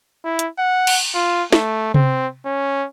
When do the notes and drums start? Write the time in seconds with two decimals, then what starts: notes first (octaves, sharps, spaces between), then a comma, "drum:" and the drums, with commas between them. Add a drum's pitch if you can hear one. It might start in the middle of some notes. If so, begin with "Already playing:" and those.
0.25 E4
0.39 drum: hi-hat
0.58 F#5
0.87 drum: cymbal
1.14 F4
1.53 A3, drum: snare
1.94 C4, drum: tom C3
2.45 C#4